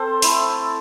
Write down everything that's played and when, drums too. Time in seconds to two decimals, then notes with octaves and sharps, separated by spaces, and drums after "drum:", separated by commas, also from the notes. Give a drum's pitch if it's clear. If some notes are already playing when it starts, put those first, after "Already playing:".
Already playing: C4 A4 C5
0.22 A3 E4, drum: open hi-hat